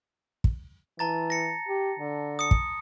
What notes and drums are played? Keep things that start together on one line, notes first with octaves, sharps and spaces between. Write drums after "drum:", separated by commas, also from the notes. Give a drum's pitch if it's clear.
drum: kick
E3 A5 A#5 A6
A#6 C#7
G4
D3
D#6 C#7
drum: kick